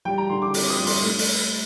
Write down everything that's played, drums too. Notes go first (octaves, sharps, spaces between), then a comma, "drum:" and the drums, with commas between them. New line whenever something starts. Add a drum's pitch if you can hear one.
G3 G5
A#5
D3 C6
D6
C4, drum: open hi-hat
D6
D#6
G2
C6, drum: open hi-hat
A3
drum: open hi-hat